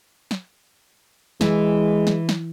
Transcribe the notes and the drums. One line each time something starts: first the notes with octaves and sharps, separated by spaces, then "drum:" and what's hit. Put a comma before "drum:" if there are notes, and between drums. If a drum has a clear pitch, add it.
drum: snare
E3 G#3, drum: snare
drum: snare
drum: snare